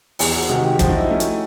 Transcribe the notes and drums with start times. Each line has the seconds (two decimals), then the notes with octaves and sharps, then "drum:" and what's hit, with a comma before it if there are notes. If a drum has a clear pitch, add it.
0.19 E2 G#4, drum: open hi-hat
0.35 F#4
0.49 C3 D#3 G#3 F#4
0.65 G4
0.79 F3 F#4, drum: kick, hi-hat
0.89 D#4
0.95 E4
1.09 A3 C#4 D#4
1.20 drum: hi-hat